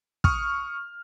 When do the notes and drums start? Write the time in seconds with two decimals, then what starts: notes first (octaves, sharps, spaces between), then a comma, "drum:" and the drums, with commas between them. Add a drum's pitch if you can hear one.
0.24 C#6 D#6 F6, drum: kick